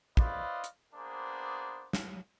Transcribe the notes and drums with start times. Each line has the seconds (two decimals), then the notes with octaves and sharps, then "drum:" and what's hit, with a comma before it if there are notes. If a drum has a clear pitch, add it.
0.17 E4 B4 C5 D5 D#5 F5, drum: kick
0.64 drum: hi-hat
0.93 A#3 B3 D4 G#4 C5
1.93 drum: snare